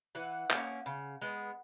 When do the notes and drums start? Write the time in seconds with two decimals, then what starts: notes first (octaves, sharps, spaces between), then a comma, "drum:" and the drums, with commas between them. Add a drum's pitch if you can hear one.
0.15 E3 F#5
0.50 A#3 C#4, drum: clap
0.86 C#3
1.22 G#3 B3